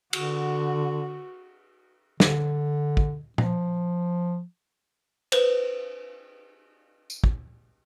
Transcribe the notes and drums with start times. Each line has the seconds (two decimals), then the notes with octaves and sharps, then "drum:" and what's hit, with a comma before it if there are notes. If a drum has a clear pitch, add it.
0.13 D3 F#4, drum: cymbal
2.20 D3, drum: snare
2.97 drum: kick
3.38 F3, drum: tom A#2
5.32 B4 C5, drum: cymbal
7.10 drum: tambourine
7.24 drum: kick